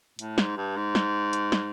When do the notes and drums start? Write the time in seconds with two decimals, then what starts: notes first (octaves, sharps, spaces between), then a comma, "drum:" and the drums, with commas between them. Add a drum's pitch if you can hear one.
0.19 A2, drum: hi-hat
0.38 G#2, drum: snare
0.57 G2
0.76 G#2
0.95 drum: snare
1.33 drum: hi-hat
1.52 drum: snare